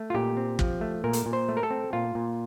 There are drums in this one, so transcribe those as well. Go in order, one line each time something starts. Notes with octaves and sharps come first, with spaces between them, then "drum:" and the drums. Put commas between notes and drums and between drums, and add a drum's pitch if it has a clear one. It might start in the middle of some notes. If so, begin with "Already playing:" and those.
Already playing: A3
F4
A#2 G4
C4
F3, drum: kick
A3
A#2 A#4
drum: hi-hat
A#2
C5
A3
A#4
A4
C4
A#2 F4
A#2